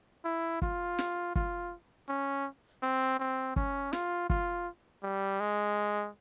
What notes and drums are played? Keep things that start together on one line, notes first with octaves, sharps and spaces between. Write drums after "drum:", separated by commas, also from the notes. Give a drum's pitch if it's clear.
E4
F4, drum: kick
drum: snare
F4, drum: kick
C#4
C4
C4
C#4, drum: kick
F4, drum: snare
F4, drum: kick
G3
G#3